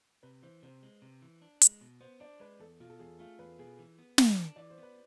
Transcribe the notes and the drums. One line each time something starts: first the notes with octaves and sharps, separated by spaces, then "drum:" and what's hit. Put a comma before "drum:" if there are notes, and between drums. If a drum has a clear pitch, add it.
C3 B4
E3 C5
C3 C5
G#3
C3
E3
D4
G#3, drum: hi-hat
B2
B3 C5
D4 D5
G#3 B4
E2 A4
B2 F4
A4
E2 G#4
A3 F4
E2 B4
B2 G#4
E3
B3
E3, drum: snare
D4
E3 D5
C5
B3
B4